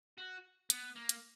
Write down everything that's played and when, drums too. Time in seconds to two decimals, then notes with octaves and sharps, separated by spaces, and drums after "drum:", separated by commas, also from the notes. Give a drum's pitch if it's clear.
0.18 F#4
0.70 B3, drum: hi-hat
0.96 A#3
1.09 drum: hi-hat